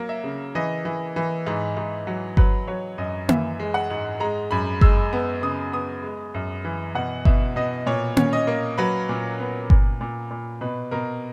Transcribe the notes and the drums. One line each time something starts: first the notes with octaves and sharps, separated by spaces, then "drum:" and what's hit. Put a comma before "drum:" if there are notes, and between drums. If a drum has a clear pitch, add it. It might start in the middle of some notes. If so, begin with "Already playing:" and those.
Already playing: F#3 A#3
E5
C#3
E3 D#5
E3
E3
G#2
G#2
F#3
F#3 B4, drum: kick G1
F#3 C#5
F#2 D#5
E3 E5, drum: tom A#3
G#3
F#5
G#2
G#3 A#5
F#2 B5
G#3 E6, drum: kick G1
B3
C#3 D#6
B3 D#6
G#3
F#2
E3
B2 F#5
B2 E5, drum: kick G1
B2 D#5
A#2 C#5
C#4, drum: tom A#3
D#5
A#3
F#3 B4
A#2
B3
A#2, drum: kick G1
A#2
A#2
B2 B4
B2 A#4